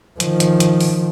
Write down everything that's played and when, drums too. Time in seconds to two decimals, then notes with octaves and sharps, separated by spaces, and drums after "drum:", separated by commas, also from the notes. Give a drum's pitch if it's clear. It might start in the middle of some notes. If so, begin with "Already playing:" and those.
0.20 D#3 F3, drum: hi-hat
0.40 drum: hi-hat
0.60 drum: hi-hat
0.81 drum: open hi-hat